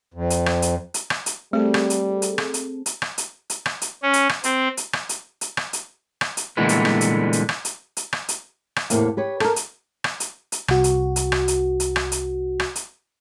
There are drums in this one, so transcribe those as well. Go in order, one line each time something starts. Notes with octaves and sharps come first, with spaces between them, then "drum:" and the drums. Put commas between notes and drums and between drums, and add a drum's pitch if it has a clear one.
F2
drum: hi-hat
drum: rim click
drum: hi-hat
drum: hi-hat
drum: rim click
drum: hi-hat
G3 A3 C4 G#4 A4
drum: rim click
drum: hi-hat
drum: hi-hat
drum: rim click
drum: hi-hat
drum: hi-hat
drum: rim click
drum: hi-hat
drum: hi-hat
drum: rim click
drum: hi-hat
C#4
drum: hi-hat
drum: rim click
C4, drum: hi-hat
drum: hi-hat
drum: rim click
drum: hi-hat
drum: hi-hat
drum: rim click
drum: hi-hat
drum: rim click
drum: hi-hat
A#2 D3 E3 G3 G#3 B3
drum: hi-hat
drum: rim click
drum: hi-hat
drum: hi-hat
drum: rim click
drum: hi-hat
drum: hi-hat
drum: rim click
drum: hi-hat
drum: rim click
E2 A2 C3 A#3 G5, drum: hi-hat
G4 B4 C#5
A4 A#4, drum: rim click
drum: hi-hat
drum: rim click
drum: hi-hat
drum: hi-hat
C2 F#4, drum: rim click
drum: hi-hat
drum: hi-hat
drum: rim click
drum: hi-hat
drum: hi-hat
drum: rim click
drum: hi-hat
drum: rim click
drum: hi-hat